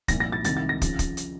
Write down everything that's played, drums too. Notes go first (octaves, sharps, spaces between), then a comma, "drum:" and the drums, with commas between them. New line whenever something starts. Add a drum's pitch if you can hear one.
C2 A#2 F3 A#6, drum: kick, hi-hat
A#6
A6
C2 C3 D#3 A6, drum: hi-hat
A6
A#6
C#3 F3, drum: kick, hi-hat
drum: kick, hi-hat
drum: hi-hat